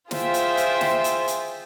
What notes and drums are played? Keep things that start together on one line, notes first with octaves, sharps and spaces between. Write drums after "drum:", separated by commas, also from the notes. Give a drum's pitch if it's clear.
F4 G#4 C5 E5 G5, drum: snare
drum: hi-hat
drum: hi-hat
drum: snare
drum: hi-hat
drum: hi-hat